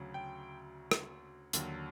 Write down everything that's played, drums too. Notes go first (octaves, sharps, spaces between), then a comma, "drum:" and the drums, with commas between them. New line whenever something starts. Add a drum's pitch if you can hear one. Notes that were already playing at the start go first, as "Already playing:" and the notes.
Already playing: D2 C#3 F#3
G5
drum: rim click
D#2 D3 F#3, drum: hi-hat